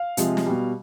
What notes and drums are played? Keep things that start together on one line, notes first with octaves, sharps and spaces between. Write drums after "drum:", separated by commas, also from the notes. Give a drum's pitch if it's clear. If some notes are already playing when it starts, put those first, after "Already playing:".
Already playing: F5
C3 F3 G#3, drum: hi-hat
drum: snare
B2 G3